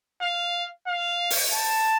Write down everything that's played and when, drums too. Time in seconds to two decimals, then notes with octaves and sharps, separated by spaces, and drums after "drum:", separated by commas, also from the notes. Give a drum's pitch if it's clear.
0.22 F5
0.87 F5
1.30 drum: open hi-hat
1.53 A5